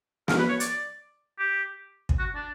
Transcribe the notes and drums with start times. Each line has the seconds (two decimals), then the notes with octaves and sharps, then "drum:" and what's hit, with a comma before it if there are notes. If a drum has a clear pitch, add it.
0.28 A#4, drum: snare
0.38 B4
0.49 C#5
0.60 D5, drum: hi-hat
1.39 G4
2.09 drum: kick
2.19 F#4
2.35 D4